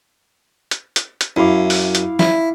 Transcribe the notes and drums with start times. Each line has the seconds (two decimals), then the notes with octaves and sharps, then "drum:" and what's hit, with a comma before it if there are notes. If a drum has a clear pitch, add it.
0.71 drum: hi-hat
0.96 drum: hi-hat
1.21 drum: hi-hat
1.36 F#2 E4 F5 D6
1.70 drum: open hi-hat
1.95 drum: hi-hat
2.19 E4, drum: snare